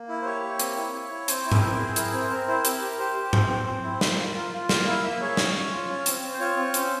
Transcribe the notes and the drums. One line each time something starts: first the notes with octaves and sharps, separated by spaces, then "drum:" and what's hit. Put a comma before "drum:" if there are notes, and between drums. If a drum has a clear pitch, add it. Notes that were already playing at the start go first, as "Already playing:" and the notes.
Already playing: A#3
E4
C5
G4 C#5
A#3
C4, drum: hi-hat
E4
E4
E4
C4 C5, drum: hi-hat
E4
A#4, drum: tom G#2
C4 C5
G#4
E4 A#4, drum: hi-hat
C4 C5
C4 A#4
E4 C5
G4 A#4, drum: hi-hat
G4
G4 C5
G4
C4, drum: tom G#2
C4
C4
E4
F4 A#4, drum: snare
F4
F4
F4
A#3 F5, drum: snare
E4 F5
A#3 E5
G#4 C#5
C#4, drum: snare
C#4
F4
C#4
C4, drum: hi-hat
C4
C5
F4 C#5
C4
C#4 C5, drum: hi-hat